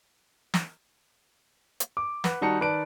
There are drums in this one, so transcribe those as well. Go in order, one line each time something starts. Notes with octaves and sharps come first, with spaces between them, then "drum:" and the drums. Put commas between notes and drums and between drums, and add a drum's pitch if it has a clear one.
drum: snare
drum: hi-hat
D6
B4 F#5, drum: snare
D#3 G3 D#4 F#4 A5 C#7
D#3 B4 D5 A5 D7